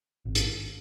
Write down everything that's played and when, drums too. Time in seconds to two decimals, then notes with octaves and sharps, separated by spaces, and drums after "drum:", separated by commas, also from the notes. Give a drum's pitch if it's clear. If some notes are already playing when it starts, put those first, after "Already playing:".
0.25 G#1
0.35 drum: hi-hat